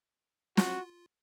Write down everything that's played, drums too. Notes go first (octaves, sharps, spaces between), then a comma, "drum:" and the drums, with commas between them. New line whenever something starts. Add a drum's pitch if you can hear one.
F4 F#4, drum: snare